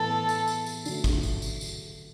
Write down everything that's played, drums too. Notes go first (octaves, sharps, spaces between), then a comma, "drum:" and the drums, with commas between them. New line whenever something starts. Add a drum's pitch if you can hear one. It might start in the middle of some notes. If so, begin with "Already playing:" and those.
Already playing: A2 E3 B3 A4
drum: tambourine
drum: tambourine
drum: tambourine
D3 F#3 A3, drum: tambourine
drum: kick, tambourine
drum: tambourine
drum: tambourine
drum: tambourine